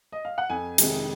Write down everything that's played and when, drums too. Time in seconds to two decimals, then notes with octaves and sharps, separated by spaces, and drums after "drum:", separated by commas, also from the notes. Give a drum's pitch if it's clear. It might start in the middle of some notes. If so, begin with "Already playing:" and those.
0.12 D#5
0.25 F5
0.38 F#5
0.50 F2 G#5
0.78 C3 D#3 G#3, drum: hi-hat